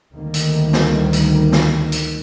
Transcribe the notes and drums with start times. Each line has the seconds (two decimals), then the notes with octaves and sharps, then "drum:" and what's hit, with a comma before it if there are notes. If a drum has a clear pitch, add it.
0.14 D2 D#3 G3 A#3
0.34 drum: hi-hat
0.73 drum: snare
1.13 drum: hi-hat
1.52 drum: snare
1.92 drum: hi-hat